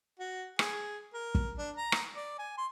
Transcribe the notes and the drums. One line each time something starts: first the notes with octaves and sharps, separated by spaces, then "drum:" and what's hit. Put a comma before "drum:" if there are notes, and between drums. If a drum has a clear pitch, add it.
F#4
G#4, drum: rim click
A#4
drum: kick
D4
A#5
drum: rim click
D5
G#5
C6